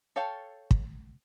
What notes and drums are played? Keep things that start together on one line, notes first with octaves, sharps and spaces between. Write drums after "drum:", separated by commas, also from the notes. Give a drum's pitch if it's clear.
A4 C#5 F5 G5 A5
drum: kick